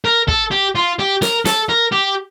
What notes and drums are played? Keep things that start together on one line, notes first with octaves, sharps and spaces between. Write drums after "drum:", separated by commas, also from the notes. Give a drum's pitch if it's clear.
A#4
A4, drum: kick
G4
F4
G4
A#4, drum: snare
A4, drum: snare
A#4
G4